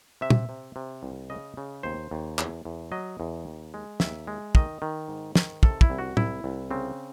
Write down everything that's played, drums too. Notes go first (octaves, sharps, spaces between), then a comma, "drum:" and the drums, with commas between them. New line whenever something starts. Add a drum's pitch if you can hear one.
C3 E5
drum: tom
C3
C3
C2
C#3 D#5
C#3
D#2 C5
D#2
E2, drum: clap
E2
F#3 D#5
E2
D#2
G#3
D#2 E5, drum: snare
G#3
D#3 D#5, drum: kick
D#3
G#2
D#3, drum: snare
C3 A4, drum: kick
E4, drum: kick
C2
F#4
C2 E4, drum: tom
C2
C#3 C4